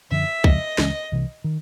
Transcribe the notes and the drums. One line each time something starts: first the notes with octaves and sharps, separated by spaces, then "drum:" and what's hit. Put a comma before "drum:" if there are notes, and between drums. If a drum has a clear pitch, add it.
F#2 D3 F3 E5
F2 C#3 F3 G#3 D#5, drum: kick
C#2 C#3 E3 G#3, drum: snare
C2 C3 E3
D#3